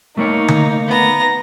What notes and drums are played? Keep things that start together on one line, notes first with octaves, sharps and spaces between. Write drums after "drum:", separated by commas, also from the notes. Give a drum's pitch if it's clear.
A3 A#3 D#4 C#5
drum: tom D3
B3 A#5